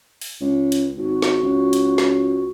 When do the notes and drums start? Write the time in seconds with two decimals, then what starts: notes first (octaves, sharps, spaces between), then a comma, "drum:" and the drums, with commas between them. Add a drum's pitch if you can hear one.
0.21 drum: open hi-hat
0.41 C#2
0.72 drum: hi-hat
0.97 G#1 F#4
1.22 drum: snare
1.42 C#2
1.73 drum: hi-hat
1.98 drum: snare